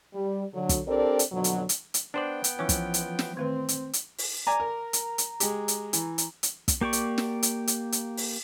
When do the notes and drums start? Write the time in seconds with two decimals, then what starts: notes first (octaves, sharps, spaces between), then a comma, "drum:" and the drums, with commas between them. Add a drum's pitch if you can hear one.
0.14 G3
0.54 D3 F#3
0.69 drum: kick, hi-hat
0.88 C4 D4 G4 A4 A#4 D5
1.19 drum: hi-hat
1.32 F2 B2 D3 F#3
1.44 drum: hi-hat
1.69 drum: hi-hat
1.94 drum: hi-hat
2.14 B3 D4 C5 D5 G5
2.44 drum: hi-hat
2.59 E3 F3 C#4 C#6 D6
2.69 drum: kick, hi-hat
2.94 drum: hi-hat
3.19 drum: snare
3.37 D#3 A3 C4 B4
3.69 drum: hi-hat
3.93 drum: hi-hat
4.18 drum: open hi-hat
4.47 D5 G#5 A#5 D6
4.60 A#4
4.93 drum: hi-hat
5.18 drum: hi-hat
5.40 G#3 G4, drum: hi-hat
5.68 drum: hi-hat
5.93 E3, drum: hi-hat
6.18 drum: hi-hat
6.43 drum: hi-hat
6.68 drum: kick, hi-hat
6.81 A#3 G4 D5 C#6
6.93 drum: hi-hat
7.18 drum: snare
7.43 drum: hi-hat
7.67 drum: hi-hat
7.92 drum: hi-hat
8.17 drum: open hi-hat